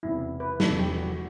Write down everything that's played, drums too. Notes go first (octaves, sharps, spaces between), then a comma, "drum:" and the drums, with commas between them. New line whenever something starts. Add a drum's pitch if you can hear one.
E1 E2 C3 E4
B4
E1 E2 C3 A4, drum: snare
G4
F#4